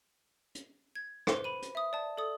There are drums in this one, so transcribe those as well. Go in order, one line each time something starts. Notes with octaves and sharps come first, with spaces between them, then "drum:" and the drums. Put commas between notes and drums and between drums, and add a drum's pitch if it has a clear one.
drum: hi-hat
G#6
B4 C5 C6, drum: rim click
B5 D#7
drum: hi-hat
E5 D#6
D5 A5
A4 D5 D#6